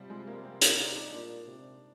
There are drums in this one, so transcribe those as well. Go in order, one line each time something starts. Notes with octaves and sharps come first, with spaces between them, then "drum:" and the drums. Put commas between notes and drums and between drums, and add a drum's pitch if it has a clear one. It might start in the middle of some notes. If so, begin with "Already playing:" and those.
Already playing: C3 F3 G3
G#3
A#3
C4
D#4, drum: hi-hat
D4
D4
A#2 D4
C3